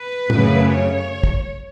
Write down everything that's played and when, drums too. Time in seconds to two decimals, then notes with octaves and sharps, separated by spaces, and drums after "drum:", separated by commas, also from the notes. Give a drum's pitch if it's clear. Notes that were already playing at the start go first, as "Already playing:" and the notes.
Already playing: B4
0.30 F#2 C#3 A3, drum: tom A2
0.68 C#5
1.24 drum: kick